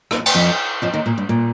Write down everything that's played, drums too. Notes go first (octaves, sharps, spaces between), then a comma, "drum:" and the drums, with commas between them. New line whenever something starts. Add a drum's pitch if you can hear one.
D#2 D#3, drum: rim click
drum: cymbal
F2 F3
F2 F3
D#2 D#3
A#2
G2
A#2